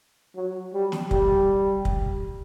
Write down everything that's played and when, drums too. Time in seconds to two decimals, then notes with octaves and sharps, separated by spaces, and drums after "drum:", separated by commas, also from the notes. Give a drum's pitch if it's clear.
0.36 F#3
0.74 G3
0.92 drum: snare
1.11 G3, drum: kick
1.85 drum: kick